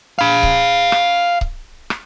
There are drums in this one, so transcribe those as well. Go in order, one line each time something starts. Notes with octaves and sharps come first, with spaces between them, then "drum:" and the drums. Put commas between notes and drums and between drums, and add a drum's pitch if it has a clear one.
F5 B5
drum: kick C#1
drum: rim click
drum: kick C#1
drum: rim click